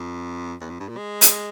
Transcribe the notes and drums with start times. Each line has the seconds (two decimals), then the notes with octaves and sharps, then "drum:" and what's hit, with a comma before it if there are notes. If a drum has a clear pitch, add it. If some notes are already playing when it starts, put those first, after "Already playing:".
Already playing: F2
0.61 E2
0.70 F2
0.80 G2
0.89 A#2
0.97 G#3
1.21 drum: hi-hat